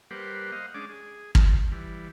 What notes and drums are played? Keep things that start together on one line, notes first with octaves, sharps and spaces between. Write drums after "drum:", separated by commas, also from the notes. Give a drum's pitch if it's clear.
G3 A#3 G4 B4 C5 F#5
C5 D#5 F5 F#5
G#3 C#4 D4 D6
G#4
F3, drum: kick
E3 G3